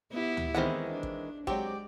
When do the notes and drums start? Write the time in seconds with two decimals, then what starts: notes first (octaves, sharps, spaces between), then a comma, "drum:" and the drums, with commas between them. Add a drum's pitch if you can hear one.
0.12 B3 E4 G4
0.37 drum: tom D2
0.55 D#3 E3 G#3 B3 C4 F#5
0.90 D4
1.03 drum: kick
1.47 F#3 G#3 C4 G4 D5, drum: kick